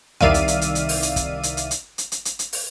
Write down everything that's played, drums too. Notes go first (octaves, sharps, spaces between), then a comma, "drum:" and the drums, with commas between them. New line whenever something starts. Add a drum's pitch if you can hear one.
C2 D#3 D5 E5 F5 D#7, drum: tom E2
drum: hi-hat
drum: hi-hat
drum: hi-hat
drum: hi-hat
drum: open hi-hat
drum: hi-hat
drum: kick, hi-hat
drum: hi-hat
drum: hi-hat
drum: hi-hat
drum: hi-hat
drum: hi-hat
drum: hi-hat
drum: hi-hat
drum: open hi-hat